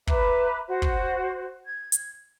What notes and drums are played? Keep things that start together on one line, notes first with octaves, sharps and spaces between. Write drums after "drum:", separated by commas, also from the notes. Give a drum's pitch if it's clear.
B4 E5 A#5 D6, drum: kick
F#4 C5
drum: kick
G#6
drum: hi-hat